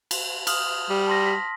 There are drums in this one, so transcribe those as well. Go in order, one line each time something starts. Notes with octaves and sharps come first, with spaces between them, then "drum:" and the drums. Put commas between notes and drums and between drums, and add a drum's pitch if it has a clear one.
drum: cymbal
D#6 F6 F#7, drum: cymbal
G3
A5 C6 A#6
B6